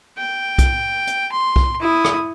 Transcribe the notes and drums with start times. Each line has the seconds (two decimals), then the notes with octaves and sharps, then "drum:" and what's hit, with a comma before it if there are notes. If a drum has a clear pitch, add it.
0.18 G5
0.58 drum: kick B1, hi-hat
1.07 drum: hi-hat
1.32 C6
1.56 drum: kick B1
1.81 E4 D#6
2.05 drum: rim click